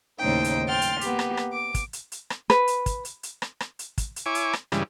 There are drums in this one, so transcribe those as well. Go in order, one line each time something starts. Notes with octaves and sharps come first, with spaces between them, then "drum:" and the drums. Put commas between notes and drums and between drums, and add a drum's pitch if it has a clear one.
D#2 A2 C#3 D#4 C5 G5
drum: hi-hat
G5 C6 F6 A6
drum: hi-hat
A#3 B3 G4, drum: hi-hat
drum: rim click
drum: rim click
D6
drum: kick, hi-hat
drum: hi-hat
drum: hi-hat
drum: rim click
B4, drum: rim click
drum: hi-hat
drum: kick, hi-hat
drum: hi-hat
drum: hi-hat
drum: rim click
drum: rim click
drum: hi-hat
drum: kick, hi-hat
drum: hi-hat
E4 C#5 G#5 D6
drum: hi-hat
drum: rim click
G2 C#3 E3 G3 G#3, drum: rim click